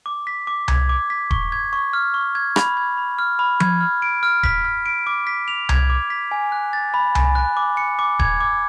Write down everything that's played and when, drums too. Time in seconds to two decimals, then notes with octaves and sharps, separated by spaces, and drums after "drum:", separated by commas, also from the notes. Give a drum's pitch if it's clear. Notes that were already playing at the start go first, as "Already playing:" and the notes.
0.06 D6
0.27 B6
0.47 D6
0.68 G#6, drum: tom C2
0.89 D6
1.10 B6
1.31 C#6, drum: kick D#1
1.52 G#6
1.73 C#6
1.93 F6
2.14 C#6
2.35 G#6
2.56 B5, drum: rim click
2.77 G#6
2.98 B5
3.19 F6
3.39 B5
3.60 G#6, drum: tom F3
3.81 F6
4.02 D7
4.23 F6
4.43 B6, drum: kick D#1
4.65 F6
4.86 D7
5.07 D6
5.27 B6
5.48 F7
5.69 G#6, drum: tom C2
5.90 D6
6.10 B6
6.31 G#5
6.52 F#6
6.73 A6
6.94 B5
7.15 G#5, drum: tom C2
7.35 F#6
7.57 D6
7.77 C#7
7.99 D6
8.19 G#6, drum: kick D#1
8.41 D6